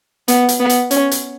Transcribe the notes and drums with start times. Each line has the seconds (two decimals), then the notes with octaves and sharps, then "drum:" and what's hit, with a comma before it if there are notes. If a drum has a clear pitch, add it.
0.28 B3, drum: hi-hat
0.49 drum: hi-hat
0.60 B3
0.70 drum: hi-hat
0.91 C#4, drum: hi-hat
1.11 drum: hi-hat